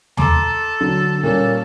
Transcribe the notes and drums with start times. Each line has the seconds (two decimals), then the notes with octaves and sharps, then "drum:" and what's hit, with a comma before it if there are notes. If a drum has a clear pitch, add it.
0.17 A4 A#5 C6 D6, drum: tom
0.81 D3 F#3
1.23 A#2 G3 C#4 A4